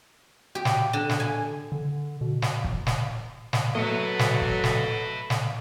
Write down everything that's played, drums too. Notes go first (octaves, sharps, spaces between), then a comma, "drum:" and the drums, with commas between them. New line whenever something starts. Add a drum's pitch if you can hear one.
G4
drum: snare
D3
drum: snare
G#5
D3
B2
drum: snare
drum: kick
drum: snare
drum: snare
F#3 A3 A4 B4 D#5 C#7
drum: snare
drum: kick
drum: snare
drum: snare